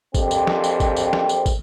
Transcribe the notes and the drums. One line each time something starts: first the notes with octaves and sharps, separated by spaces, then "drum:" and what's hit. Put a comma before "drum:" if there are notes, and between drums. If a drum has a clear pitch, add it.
A#1 F2 C4 G4, drum: kick, tambourine
drum: tambourine
drum: snare
drum: tambourine
drum: kick, tambourine
drum: tambourine
drum: snare
drum: tambourine
drum: kick, tambourine